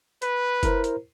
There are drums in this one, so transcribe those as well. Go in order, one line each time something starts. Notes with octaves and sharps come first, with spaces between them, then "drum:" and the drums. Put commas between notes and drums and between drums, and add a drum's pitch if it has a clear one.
B4, drum: hi-hat
E4 A#4 C5, drum: kick F#1, hi-hat
drum: hi-hat